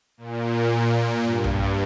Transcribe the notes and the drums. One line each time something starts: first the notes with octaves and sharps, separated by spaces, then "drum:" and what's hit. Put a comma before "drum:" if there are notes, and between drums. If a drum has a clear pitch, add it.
A#2
G2
drum: tom B1